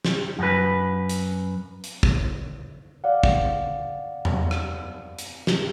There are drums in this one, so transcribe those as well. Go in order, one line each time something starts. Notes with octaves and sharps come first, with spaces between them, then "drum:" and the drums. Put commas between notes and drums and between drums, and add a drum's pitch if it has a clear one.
drum: snare
F#2 B4
drum: hi-hat
drum: hi-hat
drum: kick
D5 F5 F#5
drum: kick
drum: tom E2
drum: rim click
drum: hi-hat
drum: snare